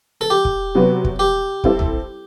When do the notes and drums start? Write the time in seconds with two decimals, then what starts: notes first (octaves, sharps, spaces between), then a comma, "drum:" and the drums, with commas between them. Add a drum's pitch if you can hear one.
0.21 A4
0.30 G4
0.45 drum: kick
0.75 C3 F#3 B3 F#4 B4
1.04 drum: kick
1.19 G4
1.64 G3 C4 E4 A4, drum: kick
1.79 drum: tom B1